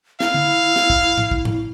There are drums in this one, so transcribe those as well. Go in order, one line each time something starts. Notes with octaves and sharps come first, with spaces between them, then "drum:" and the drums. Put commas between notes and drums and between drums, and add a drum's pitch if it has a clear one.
E4 F5, drum: snare
drum: tom D3
drum: snare
drum: kick
drum: tom A2
drum: kick
drum: tom A2